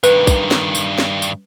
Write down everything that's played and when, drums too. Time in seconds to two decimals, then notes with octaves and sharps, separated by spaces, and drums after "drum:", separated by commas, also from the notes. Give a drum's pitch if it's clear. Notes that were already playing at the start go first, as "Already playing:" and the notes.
0.04 G2 D#3 B4, drum: tambourine
0.27 drum: kick, tambourine
0.51 drum: snare
0.75 drum: tambourine
0.98 drum: snare
1.22 drum: tambourine